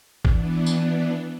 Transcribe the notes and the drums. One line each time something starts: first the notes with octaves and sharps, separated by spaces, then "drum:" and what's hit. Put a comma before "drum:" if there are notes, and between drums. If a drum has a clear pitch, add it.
E3 B3 D4, drum: kick
drum: tambourine